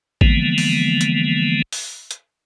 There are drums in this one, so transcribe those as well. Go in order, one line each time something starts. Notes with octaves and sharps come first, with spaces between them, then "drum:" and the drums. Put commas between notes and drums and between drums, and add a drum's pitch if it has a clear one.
D3 E3 F3 G#3 A#3 B3, drum: kick A1
drum: open hi-hat
drum: hi-hat
drum: open hi-hat
drum: hi-hat